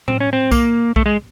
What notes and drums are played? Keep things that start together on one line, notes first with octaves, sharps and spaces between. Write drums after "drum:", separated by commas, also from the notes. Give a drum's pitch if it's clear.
C4, drum: tom A2
C#4
C4
A#3, drum: kick B1, tambourine
A3, drum: kick B1
G#3